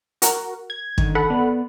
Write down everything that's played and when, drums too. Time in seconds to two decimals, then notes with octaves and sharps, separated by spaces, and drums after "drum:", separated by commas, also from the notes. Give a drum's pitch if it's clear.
0.22 F#4 A#4, drum: hi-hat
0.70 G#6
0.98 D3 D#3, drum: kick
1.15 A4 F#5 B5
1.30 B3 D5